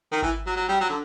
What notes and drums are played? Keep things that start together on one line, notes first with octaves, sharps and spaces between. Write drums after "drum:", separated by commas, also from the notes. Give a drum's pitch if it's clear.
D#3
E3, drum: kick G#1
F#3
F#3
G3
F#3
D3